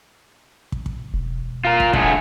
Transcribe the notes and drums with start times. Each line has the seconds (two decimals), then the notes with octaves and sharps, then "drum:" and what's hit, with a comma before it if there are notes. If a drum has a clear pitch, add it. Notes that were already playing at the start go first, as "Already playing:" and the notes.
0.72 drum: kick
0.86 drum: kick
1.14 E1
1.65 F4 A#4
1.80 drum: kick
1.93 D3 A3 G#4, drum: kick